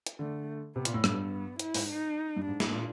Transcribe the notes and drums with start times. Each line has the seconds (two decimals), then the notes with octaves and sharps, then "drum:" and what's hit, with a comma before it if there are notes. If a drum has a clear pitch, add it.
0.07 drum: hi-hat
0.19 D3 A3
0.75 C3 B3
0.85 A#2, drum: hi-hat
0.94 A2
1.04 G2 B3, drum: rim click
1.59 E4, drum: hi-hat
1.74 G#2, drum: open hi-hat
1.89 D#4
2.36 G2
2.45 G#2 D4
2.60 A2, drum: snare
2.72 A#2